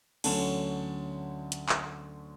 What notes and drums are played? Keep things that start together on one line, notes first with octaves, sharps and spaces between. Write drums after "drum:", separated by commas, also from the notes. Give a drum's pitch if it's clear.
D2 D3 F#3 C#4 A5, drum: cymbal
drum: hi-hat
drum: clap